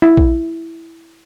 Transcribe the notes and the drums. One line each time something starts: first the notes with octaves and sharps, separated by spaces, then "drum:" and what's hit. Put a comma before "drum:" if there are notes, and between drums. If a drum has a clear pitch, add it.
E4
drum: kick A#1